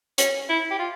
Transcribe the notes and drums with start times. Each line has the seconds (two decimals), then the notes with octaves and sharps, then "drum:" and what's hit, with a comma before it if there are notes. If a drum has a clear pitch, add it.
0.18 C#4, drum: hi-hat
0.49 E4
0.71 G4
0.79 F4